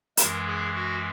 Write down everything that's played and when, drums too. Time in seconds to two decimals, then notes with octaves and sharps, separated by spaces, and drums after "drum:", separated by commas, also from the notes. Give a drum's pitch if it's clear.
0.17 F#2 E3 G#3 A#4, drum: hi-hat
0.46 G#4
0.75 F#4